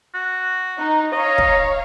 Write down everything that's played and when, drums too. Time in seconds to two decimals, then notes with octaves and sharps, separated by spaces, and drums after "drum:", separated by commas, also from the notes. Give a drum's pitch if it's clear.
0.14 F#4
0.78 D#4
1.12 C#5 D#5 F5 A#5
1.38 drum: kick